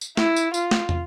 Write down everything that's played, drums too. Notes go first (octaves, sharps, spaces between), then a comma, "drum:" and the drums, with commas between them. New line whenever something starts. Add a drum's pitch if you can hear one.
drum: tambourine
E4, drum: snare
drum: tambourine
F4, drum: tambourine
drum: snare
drum: tom